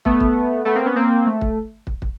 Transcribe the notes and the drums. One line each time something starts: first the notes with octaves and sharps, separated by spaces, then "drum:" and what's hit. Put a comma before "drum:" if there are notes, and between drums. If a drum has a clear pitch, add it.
A3 B3, drum: kick
drum: kick
A3 B3
A#3 C4
B3 C#4
A#3 C4
A3
drum: kick
drum: kick
drum: kick